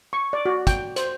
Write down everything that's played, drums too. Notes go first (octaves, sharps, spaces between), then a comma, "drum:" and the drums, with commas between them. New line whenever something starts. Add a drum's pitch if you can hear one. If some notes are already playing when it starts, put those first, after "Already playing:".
C#6
D5
F#4
G5, drum: kick, hi-hat
C5, drum: hi-hat